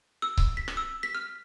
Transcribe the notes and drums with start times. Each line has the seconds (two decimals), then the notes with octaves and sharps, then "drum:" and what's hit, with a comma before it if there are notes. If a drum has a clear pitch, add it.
0.22 E6
0.37 drum: kick C#1
0.57 B6
0.68 drum: rim click
0.77 E6
1.03 B6
1.15 F6